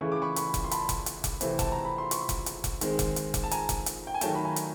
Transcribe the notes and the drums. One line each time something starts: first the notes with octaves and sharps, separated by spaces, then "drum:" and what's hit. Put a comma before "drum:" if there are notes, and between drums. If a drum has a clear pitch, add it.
C#3 E3 A3 C#6
D6
B5 C#6
B5 C#6, drum: hi-hat
drum: kick F1, hi-hat
C6
A5 B5, drum: hi-hat
drum: kick F1, hi-hat
drum: hi-hat
drum: kick F1, hi-hat
C3 E3 A3 C4, drum: hi-hat
A5, drum: kick F1, hi-hat
A#5
B5
C6
B5 C#6, drum: hi-hat
drum: kick F1, hi-hat
drum: hi-hat
drum: kick F1, hi-hat
D#3 G#3 C4, drum: hi-hat
drum: kick F1, hi-hat
drum: hi-hat
drum: kick F1, hi-hat
A5
G#5 A#5, drum: hi-hat
drum: kick F1, hi-hat
drum: hi-hat
G5
G#5
D#3 F#3 A3 G5 A5, drum: hi-hat
B5
G#5 A#5
drum: hi-hat